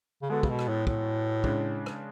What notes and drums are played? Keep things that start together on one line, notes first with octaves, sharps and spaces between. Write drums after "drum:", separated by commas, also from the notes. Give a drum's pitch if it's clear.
C#3
D3 G#3 B3 F#4 A4
C#3, drum: kick
B2
drum: rim click
A2
A2, drum: kick
C#3 G#3 D4, drum: kick
drum: rim click